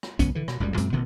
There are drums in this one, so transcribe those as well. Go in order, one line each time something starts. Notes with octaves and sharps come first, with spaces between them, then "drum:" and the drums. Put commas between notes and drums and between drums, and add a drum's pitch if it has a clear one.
drum: rim click
C#2 F#2 B3 C#4, drum: kick A#1, hi-hat
D3 E3
B2, drum: rim click
F#1 C#2 F#2 G3
F#2 A#2 G#3 C4, drum: hi-hat
A1 B2 D#3 B3